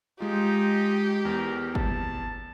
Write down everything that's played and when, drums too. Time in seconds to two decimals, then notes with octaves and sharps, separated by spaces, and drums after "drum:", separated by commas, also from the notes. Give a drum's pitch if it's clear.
0.20 G#3 D#4 F4 G4
1.25 E2 A#4
1.75 A5, drum: kick G1